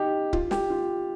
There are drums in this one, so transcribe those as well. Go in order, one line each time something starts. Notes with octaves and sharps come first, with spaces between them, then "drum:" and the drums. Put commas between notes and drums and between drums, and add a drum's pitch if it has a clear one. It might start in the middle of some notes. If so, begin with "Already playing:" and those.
Already playing: D#4 G4
F4, drum: kick C#1
G4, drum: snare
F4